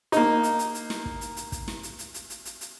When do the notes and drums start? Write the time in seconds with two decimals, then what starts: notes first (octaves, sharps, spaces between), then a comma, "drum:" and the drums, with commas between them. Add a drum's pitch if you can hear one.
0.12 A#3 D#4, drum: hi-hat
0.43 drum: hi-hat
0.59 drum: hi-hat
0.74 drum: hi-hat
0.90 drum: snare
1.06 drum: kick
1.21 drum: hi-hat
1.37 drum: hi-hat
1.52 drum: kick, hi-hat
1.68 drum: snare
1.83 drum: hi-hat
1.99 drum: hi-hat
2.14 drum: hi-hat
2.30 drum: hi-hat
2.45 drum: hi-hat
2.61 drum: hi-hat